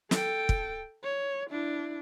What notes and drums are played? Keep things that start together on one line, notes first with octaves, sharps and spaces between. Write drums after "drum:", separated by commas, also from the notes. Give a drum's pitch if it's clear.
A4 G5, drum: snare
drum: kick
C#5
D4 E4